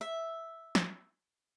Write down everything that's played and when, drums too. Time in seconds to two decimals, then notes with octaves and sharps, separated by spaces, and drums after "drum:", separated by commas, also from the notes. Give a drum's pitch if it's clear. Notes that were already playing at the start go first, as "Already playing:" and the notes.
0.01 E5
0.75 drum: snare